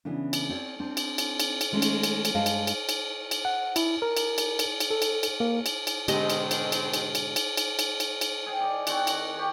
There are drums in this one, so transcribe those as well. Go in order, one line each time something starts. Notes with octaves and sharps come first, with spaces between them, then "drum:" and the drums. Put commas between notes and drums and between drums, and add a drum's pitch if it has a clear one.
C#3 E3 B3 D4
drum: cymbal
C4 C#5 D5
C4 D4
drum: cymbal
drum: cymbal
drum: cymbal
drum: cymbal
D#3 G#3 A3 C#4
drum: cymbal
drum: cymbal
drum: cymbal
G2 G#3 B4 D#5 F5 A5
drum: cymbal
drum: cymbal
drum: cymbal
drum: cymbal
F#5
E4, drum: cymbal
A#4
drum: cymbal
drum: cymbal
drum: cymbal
drum: cymbal
A4
drum: cymbal
drum: cymbal
A#3
drum: cymbal
drum: cymbal
G#2 B2 D3 D#3 G#3 C4 G4 D#5, drum: cymbal
drum: cymbal
drum: cymbal
drum: cymbal
drum: cymbal
drum: cymbal
drum: cymbal
drum: cymbal
drum: cymbal
drum: cymbal
drum: cymbal
G#4 G5
D5 D#5
C4 F#4 F#5 D6, drum: cymbal
D#3, drum: cymbal
G4 C#5